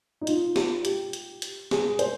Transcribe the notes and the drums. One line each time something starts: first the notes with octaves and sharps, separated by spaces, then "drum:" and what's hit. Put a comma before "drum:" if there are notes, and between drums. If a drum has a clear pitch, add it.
D#4
F4, drum: hi-hat
drum: snare
G4, drum: hi-hat
drum: hi-hat
drum: hi-hat
G#4, drum: snare
C5, drum: hi-hat